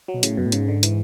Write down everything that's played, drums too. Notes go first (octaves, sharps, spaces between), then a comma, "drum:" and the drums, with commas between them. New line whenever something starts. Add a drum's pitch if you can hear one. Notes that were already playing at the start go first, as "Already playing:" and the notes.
F#3
B2
A2 C#3, drum: hi-hat
F#2 B2
A2
G#2 C#3, drum: hi-hat
D3
E3, drum: hi-hat